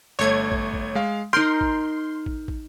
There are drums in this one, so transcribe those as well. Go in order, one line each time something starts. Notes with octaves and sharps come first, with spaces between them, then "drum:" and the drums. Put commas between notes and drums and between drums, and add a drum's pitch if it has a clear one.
G1 A3 C#5 G#6
drum: kick
drum: kick
G#3 F5
D#4 A#4 C6 F6 G6 D7
drum: kick
drum: kick
drum: kick